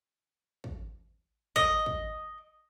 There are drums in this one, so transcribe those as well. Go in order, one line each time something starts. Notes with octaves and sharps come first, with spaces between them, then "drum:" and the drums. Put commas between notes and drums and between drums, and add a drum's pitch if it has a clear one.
drum: kick
D#5, drum: kick
drum: kick